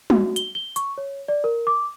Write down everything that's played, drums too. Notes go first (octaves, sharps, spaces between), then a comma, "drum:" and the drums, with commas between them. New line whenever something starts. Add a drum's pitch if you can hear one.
F#4, drum: tom
G7, drum: hi-hat
G7
C#6, drum: hi-hat
C#5
D5
A#4
D6